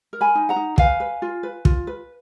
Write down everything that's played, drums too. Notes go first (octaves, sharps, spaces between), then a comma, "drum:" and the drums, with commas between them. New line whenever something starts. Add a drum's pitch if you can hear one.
A#4
G#5 B5
D#4
F#5 A#5
D#4
B4 F5 G#5, drum: kick
B4
F4
B4
F4, drum: kick
B4